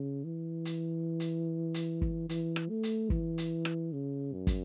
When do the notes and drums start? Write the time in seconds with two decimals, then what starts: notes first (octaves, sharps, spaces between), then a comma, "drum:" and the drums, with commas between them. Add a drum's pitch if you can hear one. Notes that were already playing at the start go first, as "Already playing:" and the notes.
Already playing: C#3
0.24 E3
0.65 drum: hi-hat
1.20 drum: hi-hat
1.74 drum: hi-hat
2.02 drum: kick
2.29 E3, drum: hi-hat
2.56 drum: rim click
2.70 A3
2.83 drum: hi-hat
3.10 E3, drum: kick
3.38 drum: hi-hat
3.65 drum: rim click
3.93 C#3
4.33 F#2
4.47 drum: kick, hi-hat